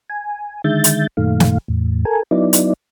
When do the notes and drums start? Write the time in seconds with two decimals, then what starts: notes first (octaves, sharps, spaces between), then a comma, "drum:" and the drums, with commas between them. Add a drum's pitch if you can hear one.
0.10 G#5
0.64 D3 D#3 G#3 E5 G6 A6
0.84 drum: hi-hat
1.17 F#2 A#2 D#3 A3 F5
1.40 drum: snare
1.68 E2 A2
2.05 A4 A#4 G#5
2.31 F#3 B3 D#4 E4 D5
2.53 drum: hi-hat